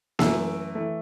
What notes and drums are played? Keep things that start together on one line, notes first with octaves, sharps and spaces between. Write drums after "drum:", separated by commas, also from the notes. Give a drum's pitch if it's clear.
F#2 E3 A3 E6, drum: snare A#3
E3 A3